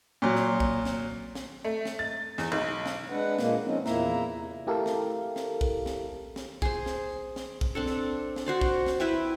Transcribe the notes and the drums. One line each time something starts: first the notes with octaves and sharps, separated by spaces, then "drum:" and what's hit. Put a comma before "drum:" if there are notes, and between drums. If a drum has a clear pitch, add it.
A#2 F#3
drum: snare
drum: kick
drum: snare
drum: snare
A3
drum: snare
A6
E2, drum: snare
B1
drum: snare
G#3 D4 B4 F#5
A#2 G#3 A#3, drum: snare
F3 C4 C#4 D#4
E2 A#2 A#3 E4 E5 A#5, drum: snare
C3
A3 E4 G4 A4 A#4 F5
drum: snare
drum: snare
drum: kick
drum: snare
drum: snare
G#4 C5, drum: kick
drum: snare
drum: snare
drum: kick
C4 D4 A4
drum: snare
drum: snare
F#4 C5 D5
drum: kick
drum: snare
E4 B4 E5 G5